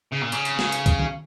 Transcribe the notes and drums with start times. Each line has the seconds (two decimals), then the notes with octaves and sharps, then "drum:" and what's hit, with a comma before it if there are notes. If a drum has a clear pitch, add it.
0.12 C#3
0.22 A#2
0.32 C#3, drum: hi-hat
0.45 drum: hi-hat
0.59 drum: snare
0.72 drum: hi-hat
0.86 drum: kick, hi-hat
1.00 drum: tom D#3